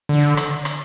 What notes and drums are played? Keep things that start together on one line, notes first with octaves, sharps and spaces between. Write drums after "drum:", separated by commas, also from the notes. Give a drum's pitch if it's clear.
D3
drum: rim click
drum: rim click